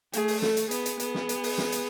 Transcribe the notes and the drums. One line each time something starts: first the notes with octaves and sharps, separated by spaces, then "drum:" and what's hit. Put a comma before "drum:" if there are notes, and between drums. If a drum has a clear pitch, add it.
A3 G#4, drum: hi-hat
drum: open hi-hat
A4, drum: snare
drum: hi-hat
B3 G#4, drum: hi-hat
drum: hi-hat
B3, drum: hi-hat
drum: snare
drum: hi-hat
drum: open hi-hat
drum: snare
drum: hi-hat